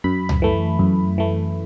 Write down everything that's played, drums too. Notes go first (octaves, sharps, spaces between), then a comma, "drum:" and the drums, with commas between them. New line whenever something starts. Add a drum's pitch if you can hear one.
F#2 B5
drum: tom C#2
E3 A3
F#2
E3 A3